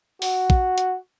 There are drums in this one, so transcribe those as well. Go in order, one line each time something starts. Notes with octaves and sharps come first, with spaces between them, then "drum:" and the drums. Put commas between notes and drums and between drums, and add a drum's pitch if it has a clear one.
F#4, drum: open hi-hat
drum: kick
drum: hi-hat